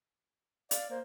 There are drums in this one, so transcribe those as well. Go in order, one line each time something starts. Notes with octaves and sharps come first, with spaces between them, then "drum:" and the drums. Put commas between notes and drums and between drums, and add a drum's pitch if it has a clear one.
D5 F5, drum: hi-hat
A#3 C5